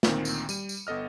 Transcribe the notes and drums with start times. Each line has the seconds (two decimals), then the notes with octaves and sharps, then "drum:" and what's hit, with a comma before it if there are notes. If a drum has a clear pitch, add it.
0.03 D2 A#2 D#3 C4, drum: snare
0.25 drum: tambourine
0.49 G3 D#7, drum: tambourine
0.69 drum: tambourine
0.87 G1 B3 A4 D#5 F6